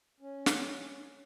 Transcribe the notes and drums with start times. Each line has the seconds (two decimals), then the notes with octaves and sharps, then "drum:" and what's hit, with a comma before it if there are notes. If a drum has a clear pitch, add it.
0.20 C#4
0.46 drum: snare